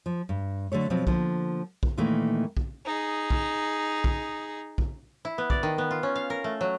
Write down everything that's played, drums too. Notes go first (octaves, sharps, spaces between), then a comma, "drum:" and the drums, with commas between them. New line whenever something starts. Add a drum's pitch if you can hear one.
F3
G2
D3 F#3 A3 C#5
B2 F3 F#3 C4
D3 F3 A#3, drum: kick
drum: kick
A#2 D#3 E3 A3 A#3
drum: kick
D#4 G#4
drum: kick
drum: kick
drum: kick
E4
B3
D5, drum: kick
D#3
B3
F4
C#4
F5
A#4
A3
F#3